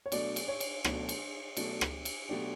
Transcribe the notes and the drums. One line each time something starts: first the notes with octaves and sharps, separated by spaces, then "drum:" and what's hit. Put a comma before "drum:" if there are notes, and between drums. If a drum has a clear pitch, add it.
C#5
B2 F#3 A3 D4 D5, drum: cymbal
drum: cymbal
C#5
drum: cymbal
B2 F#3 A3 D4, drum: rim click
drum: cymbal
B2 F#3 A3 D4, drum: cymbal
drum: rim click
drum: cymbal
B2 F#3 A3 D4 G4